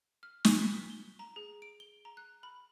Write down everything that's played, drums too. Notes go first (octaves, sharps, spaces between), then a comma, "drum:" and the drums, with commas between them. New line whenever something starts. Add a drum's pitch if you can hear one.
F6
G#5, drum: snare
B6
G7
A#5
G#4
D7
G7
A#5
F#6
B5